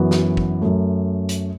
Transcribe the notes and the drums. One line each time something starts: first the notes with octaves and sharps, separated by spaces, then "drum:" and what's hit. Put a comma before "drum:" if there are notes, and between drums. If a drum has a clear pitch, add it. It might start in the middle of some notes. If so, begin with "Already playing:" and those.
Already playing: F#2 E3 B3 F#4
drum: snare
drum: kick
F#2 F#3 A3
drum: hi-hat